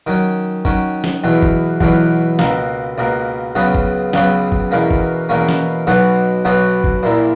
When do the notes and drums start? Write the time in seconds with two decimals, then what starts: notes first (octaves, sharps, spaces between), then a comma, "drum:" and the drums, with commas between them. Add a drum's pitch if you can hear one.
0.07 D#3 F#3 C#4
0.65 D#3 F#3 C#4, drum: kick
1.04 drum: snare
1.24 E2 B2 F#3
1.42 drum: kick
1.81 E2 B2 F#3, drum: kick
2.39 C#2 B2 A#3, drum: snare
2.98 C#2 B2 A#3
3.55 C#2 C#3 F#3 B3
3.75 drum: kick
4.13 C#2 C#3 F#3 B3, drum: snare
4.52 drum: kick
4.71 E2 B2 A#3 C#4
4.91 drum: kick
5.29 E2 B2 A#3 C#4
5.49 drum: snare
5.87 B1 B2 F#3 B3 F#4
6.45 B1 B2 F#3 B3 F#4
6.84 drum: kick
7.03 A#1 A#2 A#3 E4